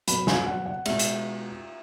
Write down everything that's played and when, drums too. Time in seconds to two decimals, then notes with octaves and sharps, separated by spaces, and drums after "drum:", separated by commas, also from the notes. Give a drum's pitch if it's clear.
0.07 B2 F#3 B5, drum: hi-hat
0.27 G#5, drum: snare
0.47 F#5
0.66 F#5
0.85 B2 G#3 E5, drum: cymbal
0.99 drum: hi-hat